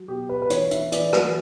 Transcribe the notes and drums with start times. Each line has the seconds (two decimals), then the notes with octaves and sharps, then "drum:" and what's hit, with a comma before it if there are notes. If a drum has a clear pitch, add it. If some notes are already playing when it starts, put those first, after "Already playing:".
Already playing: F#3
0.08 B2 G4
0.29 B4
0.42 B4
0.50 E3 C#5, drum: hi-hat
0.71 E5, drum: hi-hat
0.92 E3 D5, drum: hi-hat
1.13 F#4, drum: rim click